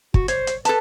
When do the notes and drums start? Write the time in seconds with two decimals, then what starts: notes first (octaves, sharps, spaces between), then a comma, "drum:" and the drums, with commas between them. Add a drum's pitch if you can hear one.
0.14 F#4, drum: kick
0.28 C5 C#5, drum: hi-hat
0.47 drum: hi-hat
0.65 A4 B4 A5, drum: hi-hat